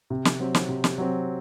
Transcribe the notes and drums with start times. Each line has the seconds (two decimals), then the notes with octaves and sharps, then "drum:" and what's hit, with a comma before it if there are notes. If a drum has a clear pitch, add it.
0.10 C3
0.25 drum: snare
0.40 F#3 C4
0.55 drum: snare
0.69 C3
0.84 drum: snare
0.98 F#3 C4